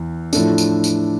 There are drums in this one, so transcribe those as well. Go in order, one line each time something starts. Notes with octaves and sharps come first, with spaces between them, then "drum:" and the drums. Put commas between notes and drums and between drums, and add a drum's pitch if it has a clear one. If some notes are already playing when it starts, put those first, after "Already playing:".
Already playing: E2 E3
A2 F3 A3 D4, drum: tambourine
drum: tambourine
drum: tambourine